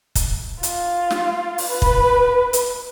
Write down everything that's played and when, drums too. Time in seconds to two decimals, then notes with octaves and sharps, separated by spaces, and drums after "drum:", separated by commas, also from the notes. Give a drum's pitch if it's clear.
0.15 drum: kick, hi-hat
0.63 F4, drum: hi-hat
1.11 drum: snare
1.58 drum: open hi-hat
1.68 B4
1.82 drum: kick
2.53 drum: hi-hat